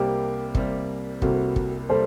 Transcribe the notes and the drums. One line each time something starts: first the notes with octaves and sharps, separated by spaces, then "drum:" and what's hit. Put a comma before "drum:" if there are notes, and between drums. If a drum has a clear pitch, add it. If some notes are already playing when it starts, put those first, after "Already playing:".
Already playing: C2 C3 G3 A#3 G4 A#4
C2 C3 G3 A#3, drum: kick
C2 C3 G3 A#3 F#4 A4, drum: kick
drum: kick
C3 G3 A#3 A4 C5